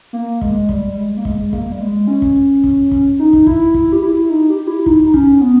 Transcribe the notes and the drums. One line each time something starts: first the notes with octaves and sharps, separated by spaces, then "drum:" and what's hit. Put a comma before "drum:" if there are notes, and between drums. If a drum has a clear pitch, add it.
A#3
G#3, drum: kick
G3, drum: kick
G3
G#3
A#3
G#3, drum: kick
G#3
A#3, drum: kick
G3
G#3
C#4
drum: kick
drum: kick
drum: kick
D#4
drum: kick
E4, drum: kick
E4, drum: kick
G4
E4
D#4
G4
E4
E4
D#4, drum: kick
D#4
C#4, drum: kick
B3